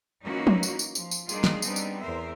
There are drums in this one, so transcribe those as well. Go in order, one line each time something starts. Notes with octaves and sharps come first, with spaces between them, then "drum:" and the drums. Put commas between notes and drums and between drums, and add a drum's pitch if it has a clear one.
E3 A#3 C#4 D#4 F4 F#4
drum: tom
drum: tambourine
drum: tambourine
F3, drum: tambourine
drum: tambourine
G3 A#3 D4 D#4 F4 G#4, drum: tambourine
drum: snare
G3 B3 C4 D4 D#4, drum: tambourine
drum: tambourine
E2 A#4 C5 E5